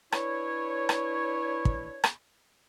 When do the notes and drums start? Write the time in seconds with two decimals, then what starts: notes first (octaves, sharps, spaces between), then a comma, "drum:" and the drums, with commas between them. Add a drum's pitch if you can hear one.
0.12 D4 E4 B4 C#5, drum: rim click
0.89 drum: rim click
1.65 drum: kick
2.04 drum: rim click